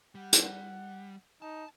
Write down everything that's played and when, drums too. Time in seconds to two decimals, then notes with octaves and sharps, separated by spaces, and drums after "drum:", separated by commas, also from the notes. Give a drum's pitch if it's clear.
0.15 G3 F#5
0.33 drum: hi-hat
1.42 D#4 A5